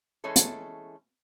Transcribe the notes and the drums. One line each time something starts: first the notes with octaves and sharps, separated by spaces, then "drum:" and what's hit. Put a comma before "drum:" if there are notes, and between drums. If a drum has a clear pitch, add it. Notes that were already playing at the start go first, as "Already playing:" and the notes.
E3 G#3 A3 C#4 A4
drum: hi-hat